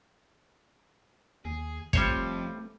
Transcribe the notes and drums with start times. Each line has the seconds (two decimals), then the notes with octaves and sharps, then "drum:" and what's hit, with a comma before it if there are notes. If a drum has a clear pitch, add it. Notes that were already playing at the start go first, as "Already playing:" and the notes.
1.45 D#2 G#4
1.93 F2 G3 A3 C4 C5 C#5, drum: kick